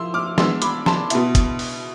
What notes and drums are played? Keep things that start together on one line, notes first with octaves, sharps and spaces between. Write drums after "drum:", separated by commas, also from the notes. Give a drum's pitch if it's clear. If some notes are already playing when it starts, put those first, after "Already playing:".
Already playing: F3 E4 C6 E6
D6 F6
E3 G#3 B3 D4 C6 E6, drum: snare
B5 D6, drum: hi-hat
A5 C6, drum: snare
B2 B3 E4, drum: hi-hat
drum: kick, hi-hat
drum: open hi-hat